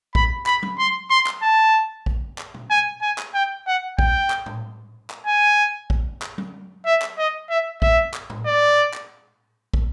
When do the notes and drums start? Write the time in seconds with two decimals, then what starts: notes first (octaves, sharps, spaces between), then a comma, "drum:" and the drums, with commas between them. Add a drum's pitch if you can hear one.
0.15 B5, drum: kick
0.46 B5, drum: clap
0.63 drum: tom F#3
0.78 C6
1.10 C6
1.26 drum: clap
1.42 A5
2.06 drum: kick
2.38 drum: clap
2.54 drum: tom B2
2.70 G#5
3.02 G#5
3.18 drum: clap
3.34 G5
3.67 F#5
3.99 G5, drum: kick
4.30 drum: clap
4.46 drum: tom A2
5.10 drum: clap
5.26 G#5
5.90 drum: kick
6.22 drum: clap
6.38 drum: tom F#3
6.86 E5
7.02 drum: clap
7.18 D#5
7.50 E5
7.82 E5, drum: kick
8.14 drum: clap
8.30 drum: tom A2
8.46 D5
8.94 drum: clap
9.74 drum: kick